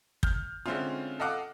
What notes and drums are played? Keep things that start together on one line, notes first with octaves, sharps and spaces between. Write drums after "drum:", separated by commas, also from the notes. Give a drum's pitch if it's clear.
F6 G6, drum: kick
D3 G#3 C4 C#4 E4 F4
A4 D#5 F5 F#5 D6